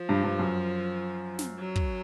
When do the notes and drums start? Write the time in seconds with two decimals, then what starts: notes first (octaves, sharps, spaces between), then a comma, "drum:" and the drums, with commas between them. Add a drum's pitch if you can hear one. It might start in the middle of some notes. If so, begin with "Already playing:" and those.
Already playing: F3
0.09 G2
0.24 G2
0.39 F#2
1.39 drum: snare
1.59 F#3
1.76 drum: kick